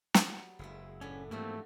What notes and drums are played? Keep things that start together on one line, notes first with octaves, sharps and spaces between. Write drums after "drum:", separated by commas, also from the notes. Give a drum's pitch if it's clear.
F#3 G3 B3, drum: snare
F#1 G#3 B3 E4
A2 B3 C#4 D4
G#2 E3 F3 G3 A3 A#3 C4 F#4